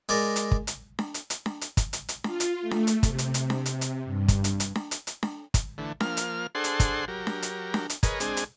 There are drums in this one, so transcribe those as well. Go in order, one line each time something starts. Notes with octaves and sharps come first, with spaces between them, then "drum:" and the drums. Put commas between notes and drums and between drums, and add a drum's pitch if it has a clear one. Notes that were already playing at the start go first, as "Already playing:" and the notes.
G#3 A#4 D5
drum: hi-hat
drum: kick
drum: hi-hat
drum: snare D4
drum: hi-hat
drum: hi-hat
drum: snare D4
drum: hi-hat
drum: kick, hi-hat
drum: hi-hat
drum: hi-hat
F4, drum: snare D4
drum: hi-hat
A3
drum: snare D4
drum: hi-hat
C3, drum: kick, hi-hat
drum: hi-hat
drum: hi-hat
drum: snare D4
drum: hi-hat
drum: hi-hat
G2
drum: kick, hi-hat
drum: hi-hat
drum: hi-hat
drum: snare D4
drum: hi-hat
drum: hi-hat
drum: snare D4
drum: kick, hi-hat
D3 E3 A3
F3 A#3 F6, drum: snare D4
drum: hi-hat
D4 G#4 A4 C5 F#5 C6
drum: hi-hat
drum: kick, hi-hat
F#3 G4 A#4
drum: snare D4
drum: hi-hat
drum: snare D4
drum: hi-hat
G#4 A#4 B4 C#5 D#5, drum: kick, hi-hat
G#3 C4 D4 G#4, drum: hi-hat
drum: hi-hat